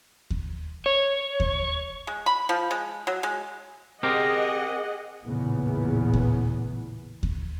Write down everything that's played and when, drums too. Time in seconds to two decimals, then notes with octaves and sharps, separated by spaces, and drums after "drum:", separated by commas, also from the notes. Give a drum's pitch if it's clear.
0.30 drum: kick D#2
0.86 C#5
1.40 drum: kick D#2
2.07 G#3
2.26 B5
2.49 F3
2.71 G#3
3.07 F#3
3.23 G#3
4.03 C4 G4 G#4 A#4 D#5 F#5
5.25 A1 E2 A#2 C#3 E3 B3
6.14 drum: kick D#2
7.23 drum: kick D#2